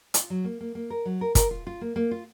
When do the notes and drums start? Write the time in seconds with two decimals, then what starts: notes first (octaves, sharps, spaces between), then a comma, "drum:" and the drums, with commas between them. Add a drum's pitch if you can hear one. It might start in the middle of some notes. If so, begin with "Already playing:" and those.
0.14 F4, drum: hi-hat
0.30 F#3
0.44 A#3
0.61 A#3
0.75 A#3
0.90 A#4
1.05 F#3
1.21 A#4
1.35 A#4, drum: kick, hi-hat
1.51 F4
1.67 F4
1.81 A#3
1.96 A#3
2.11 F4